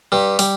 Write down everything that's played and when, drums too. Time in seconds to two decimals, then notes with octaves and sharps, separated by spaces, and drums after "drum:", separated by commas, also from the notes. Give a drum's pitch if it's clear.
0.12 G2 G3
0.39 G3, drum: open hi-hat